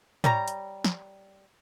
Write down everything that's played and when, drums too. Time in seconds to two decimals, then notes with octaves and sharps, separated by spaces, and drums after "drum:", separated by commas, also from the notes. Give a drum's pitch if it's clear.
0.24 G3 C#5 A#5, drum: tom
0.48 drum: hi-hat
0.84 drum: snare